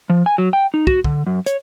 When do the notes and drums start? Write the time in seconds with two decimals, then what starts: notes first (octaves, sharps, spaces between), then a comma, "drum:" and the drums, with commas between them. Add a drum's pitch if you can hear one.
0.10 F3
0.26 G#5
0.38 F#3
0.53 G5
0.74 D#4
0.87 F#4, drum: kick
1.04 D3, drum: kick
1.27 F#2
1.46 C#5, drum: hi-hat